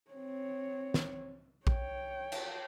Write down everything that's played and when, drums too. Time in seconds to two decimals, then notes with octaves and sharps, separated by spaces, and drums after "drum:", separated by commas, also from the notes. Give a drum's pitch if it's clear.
0.11 C4 C#5
0.94 drum: snare
1.67 C#5 G5, drum: kick A#1
2.32 drum: cymbal